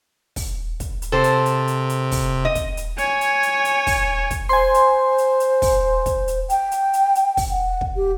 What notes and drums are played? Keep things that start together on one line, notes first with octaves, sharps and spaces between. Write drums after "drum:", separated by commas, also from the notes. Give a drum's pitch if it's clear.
drum: kick, open hi-hat
drum: kick, hi-hat
drum: hi-hat
C3 A4 C5
drum: hi-hat
drum: hi-hat
drum: hi-hat
drum: hi-hat
drum: kick, open hi-hat
D#5
drum: kick, hi-hat
drum: hi-hat
C#5 G#5, drum: hi-hat
drum: hi-hat
drum: hi-hat
drum: hi-hat
drum: kick, open hi-hat
drum: kick, hi-hat
C5 G#5 C6
drum: hi-hat
drum: hi-hat
drum: hi-hat
drum: kick, open hi-hat
drum: kick, hi-hat
drum: hi-hat
G5, drum: hi-hat
drum: hi-hat
drum: hi-hat
drum: hi-hat
drum: kick, open hi-hat
F#5
drum: kick
G4